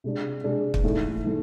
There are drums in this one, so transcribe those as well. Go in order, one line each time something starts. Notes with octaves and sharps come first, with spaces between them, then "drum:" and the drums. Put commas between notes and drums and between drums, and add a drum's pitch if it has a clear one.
C3 G#3 D4
C3 G#3 D4
drum: kick
G#2 E3 A3
E3 A3